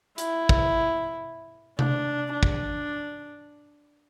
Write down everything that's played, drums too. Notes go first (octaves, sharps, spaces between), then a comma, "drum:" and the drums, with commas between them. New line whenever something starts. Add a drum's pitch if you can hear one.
E4, drum: hi-hat
drum: kick
D4, drum: tom C3
D4
drum: kick